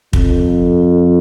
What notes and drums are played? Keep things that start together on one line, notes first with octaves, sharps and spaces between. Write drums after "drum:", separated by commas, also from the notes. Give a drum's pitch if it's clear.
F2, drum: kick